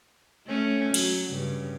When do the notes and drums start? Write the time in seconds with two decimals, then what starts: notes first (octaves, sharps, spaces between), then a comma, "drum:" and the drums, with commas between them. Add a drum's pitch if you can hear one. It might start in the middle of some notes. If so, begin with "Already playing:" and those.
0.47 A3 C#4
0.94 F#3, drum: cymbal
1.30 G2 C#3